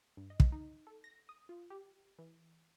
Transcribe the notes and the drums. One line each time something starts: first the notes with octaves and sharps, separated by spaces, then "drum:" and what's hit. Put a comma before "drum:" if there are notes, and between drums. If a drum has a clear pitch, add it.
G2
D#5
drum: kick
D#4
A4
A#6
D#6
F4
G4
E3